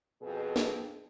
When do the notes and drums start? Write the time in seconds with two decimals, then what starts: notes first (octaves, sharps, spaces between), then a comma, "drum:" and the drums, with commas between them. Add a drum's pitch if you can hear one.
0.22 F2 B2 G#4
0.56 drum: snare